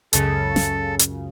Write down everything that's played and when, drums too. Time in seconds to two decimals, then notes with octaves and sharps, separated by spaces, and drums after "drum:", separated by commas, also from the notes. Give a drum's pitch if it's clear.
0.13 C#2 F#2 C#3 A4, drum: hi-hat
0.56 drum: snare
0.99 drum: hi-hat